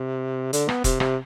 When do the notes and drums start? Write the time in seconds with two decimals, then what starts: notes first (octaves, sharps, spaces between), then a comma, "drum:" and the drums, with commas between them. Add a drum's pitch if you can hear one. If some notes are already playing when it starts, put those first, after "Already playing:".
Already playing: C3
0.53 D3, drum: hi-hat
0.69 B3, drum: rim click
0.84 C3, drum: kick E1, hi-hat
1.00 C3, drum: rim click